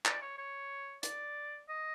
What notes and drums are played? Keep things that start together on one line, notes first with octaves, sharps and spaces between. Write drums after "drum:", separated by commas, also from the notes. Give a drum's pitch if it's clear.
D5, drum: clap
C#5
C#5
D5, drum: hi-hat
D#5